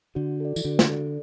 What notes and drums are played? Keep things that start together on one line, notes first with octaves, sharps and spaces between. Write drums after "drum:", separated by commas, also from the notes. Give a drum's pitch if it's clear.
D3 F#4
A4 D5
E3, drum: tambourine
D3 F#4
drum: snare
A4 D5